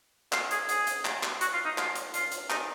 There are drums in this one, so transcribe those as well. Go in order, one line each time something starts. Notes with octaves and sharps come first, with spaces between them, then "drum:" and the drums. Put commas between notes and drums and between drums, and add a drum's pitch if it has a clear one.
F4, drum: clap
G#4, drum: hi-hat
G#4, drum: hi-hat
drum: hi-hat
drum: clap
drum: clap
F#4, drum: hi-hat
F4
D#4
F4, drum: clap
drum: hi-hat
F4, drum: hi-hat
drum: hi-hat
D#4, drum: clap